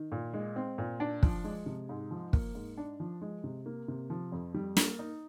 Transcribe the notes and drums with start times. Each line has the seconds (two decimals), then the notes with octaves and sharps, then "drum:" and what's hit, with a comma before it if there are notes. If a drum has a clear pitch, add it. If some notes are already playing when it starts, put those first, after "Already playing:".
Already playing: D#3
0.12 A#2
0.34 G#3
0.56 C4
0.78 A#2
1.00 D4
1.23 F3, drum: kick
1.44 G#3
1.66 C3
1.89 G#2
2.11 F3
2.33 A#3, drum: kick
2.55 G#2
2.78 D4
3.00 F3
3.22 G#3
3.44 C3
3.66 A#3
3.88 C3
4.10 F3
4.32 F2
4.54 G3
4.77 A#3, drum: snare
4.99 D#4